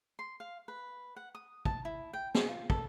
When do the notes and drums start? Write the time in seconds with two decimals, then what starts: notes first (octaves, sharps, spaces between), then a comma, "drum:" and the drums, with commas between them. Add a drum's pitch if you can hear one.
0.19 C6
0.40 F5
0.68 B4
1.16 F#5
1.35 D#6
1.65 A5, drum: kick
1.85 E4
2.13 G5
2.35 G#4, drum: snare
2.49 F4
2.70 A4, drum: kick